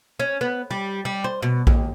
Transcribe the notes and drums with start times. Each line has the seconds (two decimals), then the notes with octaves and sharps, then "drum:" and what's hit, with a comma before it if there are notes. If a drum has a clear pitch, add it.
0.20 C#4
0.41 B3
0.71 G3
1.05 G3
1.24 C5
1.42 B2
1.67 D#2, drum: kick A#1